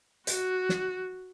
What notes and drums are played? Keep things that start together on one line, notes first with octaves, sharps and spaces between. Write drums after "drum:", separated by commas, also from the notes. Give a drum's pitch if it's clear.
F#4, drum: hi-hat
drum: snare